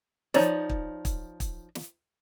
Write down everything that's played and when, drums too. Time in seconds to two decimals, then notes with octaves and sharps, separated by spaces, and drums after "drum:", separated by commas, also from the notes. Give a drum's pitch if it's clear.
0.34 F3 F#3 D#4 C#5 D5, drum: snare
0.70 drum: kick
1.05 drum: kick, hi-hat
1.40 drum: kick, hi-hat
1.75 drum: snare